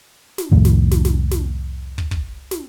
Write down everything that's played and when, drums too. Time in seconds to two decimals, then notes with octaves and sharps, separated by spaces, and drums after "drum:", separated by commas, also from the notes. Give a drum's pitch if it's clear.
0.38 drum: snare
0.51 C2 F2 A2 D#3
0.65 drum: snare
0.91 drum: snare
1.05 drum: snare
1.31 drum: snare
1.98 drum: kick
2.11 drum: kick
2.51 drum: snare